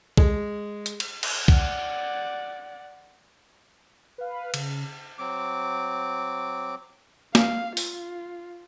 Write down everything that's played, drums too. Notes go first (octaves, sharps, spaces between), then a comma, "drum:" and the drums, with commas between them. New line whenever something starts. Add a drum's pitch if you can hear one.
G#3, drum: kick B1
drum: hi-hat
drum: cymbal
drum: cymbal
D5 F#5, drum: kick B1
B4 F5
C#3, drum: cymbal
F#3 C4 D6
F5, drum: snare
F4, drum: open hi-hat